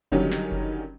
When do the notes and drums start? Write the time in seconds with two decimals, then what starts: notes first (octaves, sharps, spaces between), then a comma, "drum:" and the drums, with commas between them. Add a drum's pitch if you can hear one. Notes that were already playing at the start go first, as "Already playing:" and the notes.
0.12 D3 D#3 F#3 G3 C#4, drum: kick F#1
0.32 drum: snare
0.52 drum: kick F#1